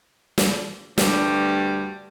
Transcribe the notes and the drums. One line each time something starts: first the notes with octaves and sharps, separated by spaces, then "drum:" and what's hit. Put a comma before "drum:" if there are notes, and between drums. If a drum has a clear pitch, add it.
drum: snare
D2 G2 G3, drum: snare